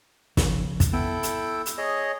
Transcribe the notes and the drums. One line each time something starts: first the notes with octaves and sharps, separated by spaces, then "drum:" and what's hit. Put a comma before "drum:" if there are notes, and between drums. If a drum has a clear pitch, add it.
F2 C#3, drum: snare
drum: kick, hi-hat
B3 E4 A4 G5
drum: hi-hat
drum: hi-hat
G#4 C#5 D#5